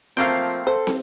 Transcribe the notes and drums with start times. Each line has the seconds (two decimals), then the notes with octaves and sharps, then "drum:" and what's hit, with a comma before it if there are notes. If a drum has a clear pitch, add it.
0.17 F3 A3 A#3 C4 F5 G5
0.67 A4 C5
0.87 drum: snare